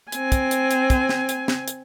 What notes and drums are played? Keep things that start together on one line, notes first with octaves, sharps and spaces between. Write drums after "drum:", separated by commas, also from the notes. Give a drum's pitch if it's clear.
C4 G#5, drum: hi-hat
drum: kick, hi-hat
drum: hi-hat
drum: hi-hat
drum: kick, hi-hat
drum: snare
drum: hi-hat
drum: snare
drum: hi-hat